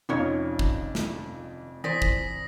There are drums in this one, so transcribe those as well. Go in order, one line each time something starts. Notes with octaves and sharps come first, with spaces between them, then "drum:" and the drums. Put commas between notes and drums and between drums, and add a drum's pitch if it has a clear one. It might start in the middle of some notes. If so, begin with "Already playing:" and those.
F1 F2 C#4 D#4 F4 C#5 D#5 F5
drum: kick
drum: snare
E3 C5 D5 G#5 D#6 A#6 B6
drum: kick